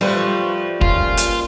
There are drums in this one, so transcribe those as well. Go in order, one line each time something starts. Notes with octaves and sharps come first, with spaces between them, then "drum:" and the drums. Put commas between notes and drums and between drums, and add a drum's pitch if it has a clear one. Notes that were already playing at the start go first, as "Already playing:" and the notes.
F3 G3 A3 F4 B4
A#2 C#3 F4, drum: kick
drum: hi-hat